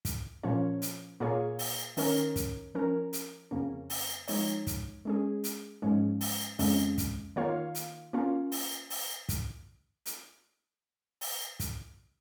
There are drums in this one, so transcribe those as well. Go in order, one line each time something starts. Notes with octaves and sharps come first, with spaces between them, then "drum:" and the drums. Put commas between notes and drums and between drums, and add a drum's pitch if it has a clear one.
drum: kick, hi-hat
A#2 F3 C#4 F4 C#5
drum: hi-hat
A#2 A#3 F4 G#4 C#5
drum: open hi-hat
D#3 C#4 A#4 C#5, drum: open hi-hat
drum: kick, hi-hat
F3 C#4 A#4
drum: hi-hat
F2 C#3 A#3 C#4
drum: open hi-hat
F3 G#3 D#4 C#5, drum: open hi-hat
drum: kick, hi-hat
G#3 C#4 G#4
drum: hi-hat
G#2 F3 G#3 C#4
drum: open hi-hat
F2 C#3 G#3 C#4, drum: open hi-hat
drum: kick, hi-hat
D#3 A#3 F4 C#5 F5
drum: hi-hat
A#3 C#4 F4
drum: open hi-hat
drum: open hi-hat
drum: kick, hi-hat
drum: hi-hat
drum: open hi-hat
drum: kick, hi-hat